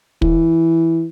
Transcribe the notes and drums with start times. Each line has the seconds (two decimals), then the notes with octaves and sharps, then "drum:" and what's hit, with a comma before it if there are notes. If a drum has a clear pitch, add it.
0.22 E3, drum: kick